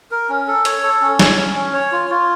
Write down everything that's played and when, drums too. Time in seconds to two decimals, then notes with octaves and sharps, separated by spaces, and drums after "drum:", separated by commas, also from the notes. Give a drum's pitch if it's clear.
0.11 A#4
0.29 C#4
0.47 A4
0.65 C#5, drum: hi-hat
0.83 A4
1.01 C#4
1.19 C#5, drum: snare
1.37 C#4
1.55 C#4
1.74 C#5
1.92 F4
2.10 F4